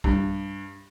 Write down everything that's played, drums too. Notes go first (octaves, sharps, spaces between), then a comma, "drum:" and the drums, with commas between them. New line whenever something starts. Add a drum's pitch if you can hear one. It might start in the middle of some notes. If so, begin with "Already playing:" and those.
G2, drum: kick A#1